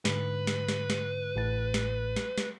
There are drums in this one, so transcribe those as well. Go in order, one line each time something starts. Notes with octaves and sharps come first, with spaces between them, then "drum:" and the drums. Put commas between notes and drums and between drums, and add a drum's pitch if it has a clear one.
G#2 D3 B4, drum: snare
drum: snare
drum: snare
drum: snare
A1 A2 A6
drum: snare
drum: snare
drum: snare